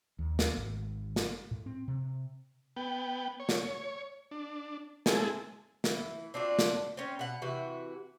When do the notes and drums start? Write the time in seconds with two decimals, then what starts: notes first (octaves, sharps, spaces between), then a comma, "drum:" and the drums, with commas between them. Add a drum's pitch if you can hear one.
0.19 D#2
0.39 drum: snare
0.57 G#1
1.16 drum: snare
1.51 A2
1.66 C4
1.88 C3
2.76 B3 G5
3.40 C#5
3.49 drum: snare
4.31 D4
5.06 G#3 C4 E4 G#4 A4, drum: snare
5.84 E3, drum: snare
6.34 C4 D4 F4 F#4
6.59 drum: snare
6.97 C4 C#4
7.19 B2 F#5
7.42 C3 E3 F#4